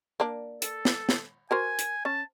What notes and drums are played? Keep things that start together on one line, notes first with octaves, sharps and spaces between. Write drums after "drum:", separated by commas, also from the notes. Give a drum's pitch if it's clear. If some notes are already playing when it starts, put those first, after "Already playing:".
A#3 D4
A4, drum: hi-hat
drum: snare
drum: snare
F#4 A#4 C5 G#5
drum: hi-hat
C#4 A5